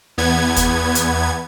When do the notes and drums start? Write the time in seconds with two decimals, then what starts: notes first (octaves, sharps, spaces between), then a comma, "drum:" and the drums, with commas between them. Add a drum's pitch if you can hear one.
0.18 E2 B3 G#6
0.56 drum: kick, hi-hat
0.95 drum: hi-hat